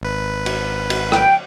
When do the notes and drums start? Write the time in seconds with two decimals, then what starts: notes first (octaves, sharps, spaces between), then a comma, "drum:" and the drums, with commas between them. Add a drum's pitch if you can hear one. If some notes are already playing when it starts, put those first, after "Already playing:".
0.01 G#1 B4
0.46 drum: cymbal
0.90 drum: cymbal
1.12 G5, drum: rim click